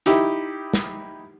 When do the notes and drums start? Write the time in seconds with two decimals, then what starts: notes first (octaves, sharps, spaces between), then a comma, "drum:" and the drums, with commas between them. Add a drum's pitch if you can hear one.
0.06 D#4 E4 G4, drum: hi-hat
0.74 drum: snare